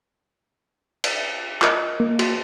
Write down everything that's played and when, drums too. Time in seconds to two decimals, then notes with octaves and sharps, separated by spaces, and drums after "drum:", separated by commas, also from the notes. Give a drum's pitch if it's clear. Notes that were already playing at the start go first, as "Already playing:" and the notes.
1.04 drum: cymbal
1.62 F4 A#4 D#5, drum: clap
2.00 A#3
2.19 F#4, drum: cymbal